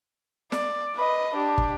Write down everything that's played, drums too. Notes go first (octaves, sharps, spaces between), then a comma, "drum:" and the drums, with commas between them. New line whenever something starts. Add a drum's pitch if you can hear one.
D5, drum: snare
B4 D#5
D4 G4
drum: kick